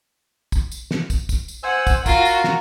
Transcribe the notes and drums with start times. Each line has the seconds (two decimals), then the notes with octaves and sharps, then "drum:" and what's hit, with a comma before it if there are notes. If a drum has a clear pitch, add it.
0.52 drum: kick, tambourine
0.72 drum: tambourine
0.91 drum: snare
1.10 drum: kick, tambourine
1.29 drum: kick, tambourine
1.48 drum: tambourine
1.63 C5 F#5 G#5 E6
1.87 drum: kick, tambourine
2.06 F4 F#4 A#4, drum: kick, tambourine
2.25 drum: tambourine
2.44 drum: snare